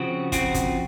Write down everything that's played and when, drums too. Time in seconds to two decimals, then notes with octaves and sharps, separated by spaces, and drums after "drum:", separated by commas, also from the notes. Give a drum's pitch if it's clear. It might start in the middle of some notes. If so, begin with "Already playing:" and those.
Already playing: C#3 F3 C4 F#4
0.32 C#3 F3 C4 F#4, drum: kick, hi-hat
0.54 drum: kick, hi-hat